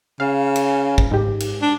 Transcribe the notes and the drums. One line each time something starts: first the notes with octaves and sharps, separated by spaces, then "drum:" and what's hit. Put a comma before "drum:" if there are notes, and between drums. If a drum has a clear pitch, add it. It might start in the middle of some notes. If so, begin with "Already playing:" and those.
C#3 F5
drum: cymbal
drum: kick G#1
G#2 G4
drum: cymbal
D4